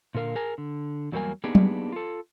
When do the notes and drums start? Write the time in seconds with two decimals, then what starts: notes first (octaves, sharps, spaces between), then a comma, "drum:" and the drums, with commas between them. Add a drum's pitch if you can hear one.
0.15 A#2 D3 A#4 F5
0.35 G#4 A#4 G#5
0.58 D3
1.12 E2 F#3 G3 A#3 A#4 G#5
1.44 A#3 B3 D4 D#4 G4 G#4
1.55 drum: tom
1.92 F4 A4